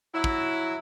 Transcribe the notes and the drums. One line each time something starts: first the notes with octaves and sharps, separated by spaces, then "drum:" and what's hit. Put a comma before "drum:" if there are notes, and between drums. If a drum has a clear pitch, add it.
F#3 E4
drum: kick